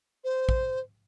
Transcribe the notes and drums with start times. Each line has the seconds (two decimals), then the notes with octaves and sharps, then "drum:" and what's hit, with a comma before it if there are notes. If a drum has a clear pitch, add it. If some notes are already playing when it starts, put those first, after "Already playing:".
0.24 C5
0.49 drum: kick